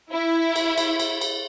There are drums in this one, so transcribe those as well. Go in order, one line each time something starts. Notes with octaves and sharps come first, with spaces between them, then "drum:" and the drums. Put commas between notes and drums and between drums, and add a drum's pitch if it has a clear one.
E4
drum: cymbal
drum: cymbal
drum: cymbal
drum: cymbal